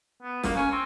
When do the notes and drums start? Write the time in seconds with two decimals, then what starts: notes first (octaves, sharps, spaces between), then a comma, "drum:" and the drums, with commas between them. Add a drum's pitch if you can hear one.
0.23 B3
0.44 A#3, drum: snare
0.56 C#4
0.72 C4